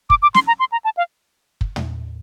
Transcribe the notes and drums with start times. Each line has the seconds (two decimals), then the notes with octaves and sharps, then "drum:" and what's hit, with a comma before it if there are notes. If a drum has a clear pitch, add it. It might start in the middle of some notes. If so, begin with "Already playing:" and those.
0.10 D6, drum: kick
0.22 D6
0.34 C6, drum: snare
0.47 A#5
0.60 C6
0.72 A#5
0.85 A5
0.97 F5
1.61 drum: kick
1.76 drum: tom